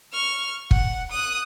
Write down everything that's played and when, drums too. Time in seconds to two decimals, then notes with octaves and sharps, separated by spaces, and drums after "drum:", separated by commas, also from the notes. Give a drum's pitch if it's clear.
0.13 C#6 F6
0.71 F#5, drum: kick
1.11 D#6 F#6